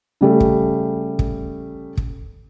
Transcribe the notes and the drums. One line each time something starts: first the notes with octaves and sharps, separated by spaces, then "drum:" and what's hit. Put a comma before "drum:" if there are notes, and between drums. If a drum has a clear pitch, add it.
C#3 G3 A3
drum: kick
drum: kick
drum: kick